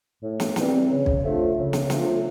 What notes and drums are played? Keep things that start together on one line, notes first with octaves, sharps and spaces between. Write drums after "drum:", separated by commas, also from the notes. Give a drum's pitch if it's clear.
A2
drum: snare
E3 G3 C4, drum: snare
C#3
drum: kick B1
F3 A3 D4 F4
C#3
drum: snare
F3 A3 D4 F4, drum: snare